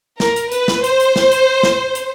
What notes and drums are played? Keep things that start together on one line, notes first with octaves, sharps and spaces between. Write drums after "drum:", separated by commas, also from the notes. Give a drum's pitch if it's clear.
A#4, drum: snare
drum: hi-hat
B4, drum: hi-hat
drum: snare
C5, drum: hi-hat
drum: hi-hat
drum: snare
drum: hi-hat
drum: snare
drum: hi-hat